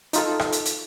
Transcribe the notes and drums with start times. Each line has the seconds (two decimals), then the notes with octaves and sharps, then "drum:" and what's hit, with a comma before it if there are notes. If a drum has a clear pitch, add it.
0.13 D#4 F4 A4, drum: hi-hat
0.39 drum: rim click
0.53 drum: hi-hat
0.66 drum: hi-hat